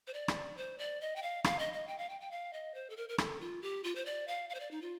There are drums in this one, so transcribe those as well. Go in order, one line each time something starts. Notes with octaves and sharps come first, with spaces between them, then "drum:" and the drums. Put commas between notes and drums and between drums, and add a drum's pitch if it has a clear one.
C5
D5
drum: rim click
C5
D5
D#5
G5
F5
F5, drum: rim click
D#5
D#5
G5
F5
G5
G5
F5
D#5
C5
A4
A#4
A#4
A4, drum: rim click
F4
G4
F4
C5
D5
F5
F5
C5
D5
D#4
F4